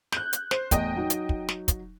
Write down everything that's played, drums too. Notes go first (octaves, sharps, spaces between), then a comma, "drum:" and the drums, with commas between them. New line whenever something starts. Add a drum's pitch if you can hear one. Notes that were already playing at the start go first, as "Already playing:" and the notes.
F#6 G6, drum: snare
drum: hi-hat
C5, drum: snare
E2 A2 D#5 G5, drum: kick, hi-hat
F#3 D#4
drum: hi-hat
drum: kick
drum: snare
drum: kick, hi-hat